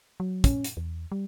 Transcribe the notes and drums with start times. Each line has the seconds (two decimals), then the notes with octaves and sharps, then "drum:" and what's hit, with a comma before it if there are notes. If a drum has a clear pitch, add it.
0.20 F#3
0.44 C#4, drum: kick, hi-hat
0.64 drum: hi-hat
0.77 E2
1.12 G3